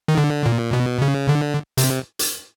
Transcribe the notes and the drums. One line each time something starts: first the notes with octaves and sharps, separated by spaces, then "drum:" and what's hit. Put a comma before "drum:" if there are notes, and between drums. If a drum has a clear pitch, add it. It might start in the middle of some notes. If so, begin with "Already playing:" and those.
D#3
D3
A#2
B2
C#3
D3
C3, drum: hi-hat
drum: hi-hat